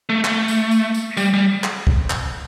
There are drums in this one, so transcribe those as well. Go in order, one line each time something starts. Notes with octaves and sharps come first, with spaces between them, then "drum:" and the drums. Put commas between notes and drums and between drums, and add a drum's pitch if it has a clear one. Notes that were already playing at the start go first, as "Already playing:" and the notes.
A3
A3, drum: clap
drum: tambourine
drum: tambourine
drum: tambourine
G3, drum: tambourine
G3
drum: clap
drum: kick
drum: clap